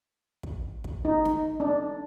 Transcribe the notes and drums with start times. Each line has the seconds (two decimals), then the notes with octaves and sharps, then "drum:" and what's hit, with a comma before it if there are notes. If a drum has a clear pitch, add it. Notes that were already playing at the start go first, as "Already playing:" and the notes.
0.43 drum: kick
0.84 drum: kick
1.05 D#4
1.25 drum: snare
1.60 D4